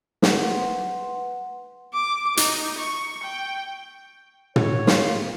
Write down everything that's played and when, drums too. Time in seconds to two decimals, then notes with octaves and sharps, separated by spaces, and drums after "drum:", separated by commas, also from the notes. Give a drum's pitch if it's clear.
0.22 B4 F#5 C6, drum: snare
1.93 D6
2.37 D#4, drum: hi-hat
2.78 C#6
3.23 G5
4.56 C#5, drum: tom
4.87 F4, drum: snare